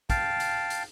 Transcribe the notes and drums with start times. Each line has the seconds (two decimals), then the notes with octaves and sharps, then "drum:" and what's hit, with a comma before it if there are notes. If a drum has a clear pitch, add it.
0.10 F5 G5 A5, drum: kick, hi-hat
0.40 drum: hi-hat
0.70 drum: hi-hat